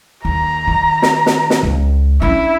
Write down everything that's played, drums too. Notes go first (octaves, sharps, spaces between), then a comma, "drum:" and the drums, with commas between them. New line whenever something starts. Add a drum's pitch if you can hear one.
D#2 A#5
D#3
drum: snare
drum: snare
drum: snare
C#2
C#4 D4 E4